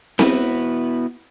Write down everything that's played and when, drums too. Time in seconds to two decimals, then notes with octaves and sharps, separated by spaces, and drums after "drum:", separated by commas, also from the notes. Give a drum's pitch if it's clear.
0.19 B3 E4 F#4 B4, drum: snare C4